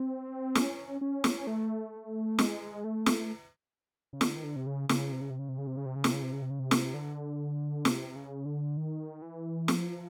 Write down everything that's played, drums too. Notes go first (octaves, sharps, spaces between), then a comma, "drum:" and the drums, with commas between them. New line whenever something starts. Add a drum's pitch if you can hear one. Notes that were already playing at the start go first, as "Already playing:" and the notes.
Already playing: C4
C#4, drum: snare
C#4
drum: snare
A3
G#3, drum: snare
A3
drum: snare
C#3
D3, drum: snare
D#3
D3
C3
C#3
C#3, drum: snare
C3
C#3
C3
C#3
C3
C#3
C3
C#3
C3
C#3
C3, drum: snare
C#3
C3
C#3
C3
C#3
C3
drum: snare
D3
C3, drum: snare
C#3
D3
D#3
E3
F3, drum: snare